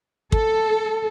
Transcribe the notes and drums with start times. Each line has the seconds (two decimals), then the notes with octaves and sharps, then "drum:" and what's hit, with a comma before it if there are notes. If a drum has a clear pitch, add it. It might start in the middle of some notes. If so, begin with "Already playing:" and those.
0.32 A4, drum: kick